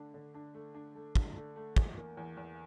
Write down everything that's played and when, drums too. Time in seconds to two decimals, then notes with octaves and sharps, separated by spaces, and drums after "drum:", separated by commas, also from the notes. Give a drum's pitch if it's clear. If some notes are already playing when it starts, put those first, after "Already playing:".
Already playing: D3 A3 D4
0.14 D3
0.34 D4
0.54 A3
0.75 D4
0.95 A3
1.15 D3, drum: kick
1.36 A3
1.56 A3
1.76 E2, drum: kick
1.97 A#3
2.17 E2
2.37 E2